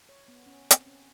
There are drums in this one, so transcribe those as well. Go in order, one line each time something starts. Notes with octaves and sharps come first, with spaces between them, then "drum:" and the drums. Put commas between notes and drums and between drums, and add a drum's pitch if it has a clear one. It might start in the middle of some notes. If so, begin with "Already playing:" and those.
C#5
B3
C#4
C4, drum: hi-hat
C#4